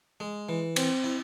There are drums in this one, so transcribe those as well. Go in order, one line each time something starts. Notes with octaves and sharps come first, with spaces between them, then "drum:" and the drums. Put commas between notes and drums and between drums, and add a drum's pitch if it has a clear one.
G#3
E3
C4, drum: cymbal
E4